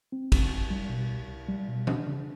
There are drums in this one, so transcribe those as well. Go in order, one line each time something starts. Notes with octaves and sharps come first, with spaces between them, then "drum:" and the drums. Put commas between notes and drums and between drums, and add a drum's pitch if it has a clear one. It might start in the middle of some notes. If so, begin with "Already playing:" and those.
C4
C2, drum: kick G#1, cymbal
C2
G3
B2
C2
C2
G3
B2
D4, drum: tom E3
C#3